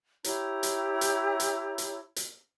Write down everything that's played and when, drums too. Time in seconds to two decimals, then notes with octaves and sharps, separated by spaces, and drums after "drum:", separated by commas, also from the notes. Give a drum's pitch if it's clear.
0.24 E4 G4 C#5 A#5, drum: hi-hat
0.63 drum: hi-hat
1.01 drum: hi-hat
1.40 drum: hi-hat
1.78 drum: hi-hat
2.16 drum: hi-hat